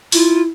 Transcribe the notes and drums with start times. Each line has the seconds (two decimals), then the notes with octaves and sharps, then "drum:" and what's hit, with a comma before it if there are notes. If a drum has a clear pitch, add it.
0.12 E4 F4, drum: open hi-hat